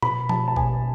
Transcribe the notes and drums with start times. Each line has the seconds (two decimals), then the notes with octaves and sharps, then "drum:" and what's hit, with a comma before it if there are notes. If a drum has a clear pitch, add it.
0.02 B2 B5, drum: tom
0.29 B2 A5, drum: tom
0.48 A5
0.56 B2 G#5, drum: kick